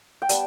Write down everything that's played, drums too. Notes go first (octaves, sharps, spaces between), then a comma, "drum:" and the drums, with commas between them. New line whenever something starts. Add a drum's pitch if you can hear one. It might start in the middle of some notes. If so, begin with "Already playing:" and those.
G5
G3 B3 A5, drum: hi-hat